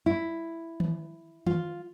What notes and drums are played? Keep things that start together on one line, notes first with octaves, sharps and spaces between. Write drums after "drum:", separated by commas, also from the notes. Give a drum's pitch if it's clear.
E4
drum: tom D#3
F4, drum: tom D#3